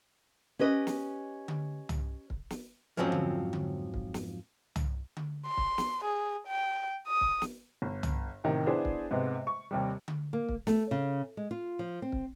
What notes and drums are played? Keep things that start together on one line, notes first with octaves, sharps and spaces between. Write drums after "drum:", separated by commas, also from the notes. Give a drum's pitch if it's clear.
C#4 G4 B4 D#5
drum: snare
drum: tom D3
drum: tom
drum: kick
drum: snare
F2 G#2 F3 F#3 C4 C#4
drum: tom D3
drum: tom D3
drum: kick
drum: snare
drum: tom
drum: tom D3
C6
drum: kick
drum: snare
G#4
G5
D#6
drum: kick
drum: snare
G1
drum: tom
A1 C3 D#3
B3 D4 E4 G#4 C5 D5
drum: kick
G#2 C3 G#3 B3
C#6
D#2 C3 G3
drum: tom D3
A#3
drum: kick
A3, drum: snare
C#3
G#3
F4
F3
C4
drum: kick